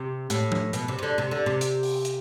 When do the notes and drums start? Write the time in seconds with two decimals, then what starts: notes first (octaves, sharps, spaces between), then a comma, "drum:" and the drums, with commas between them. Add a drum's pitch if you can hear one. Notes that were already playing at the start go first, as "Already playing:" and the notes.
Already playing: C3
0.30 A2, drum: hi-hat
0.52 drum: tom F3
0.73 B2, drum: hi-hat
0.88 C3
0.99 C3
1.03 D3
1.18 C3
1.31 D3
1.46 C3
1.61 drum: hi-hat
1.83 drum: open hi-hat
2.05 drum: hi-hat